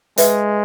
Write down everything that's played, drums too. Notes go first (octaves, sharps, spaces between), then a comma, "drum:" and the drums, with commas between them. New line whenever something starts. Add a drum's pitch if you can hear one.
G#3 B4 E5, drum: hi-hat